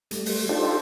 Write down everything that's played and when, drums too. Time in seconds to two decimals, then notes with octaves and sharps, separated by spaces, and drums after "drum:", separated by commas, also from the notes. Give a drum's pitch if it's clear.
0.11 G3 A3, drum: hi-hat
0.26 drum: open hi-hat
0.49 D4 D#4 F4 G4 A4 C5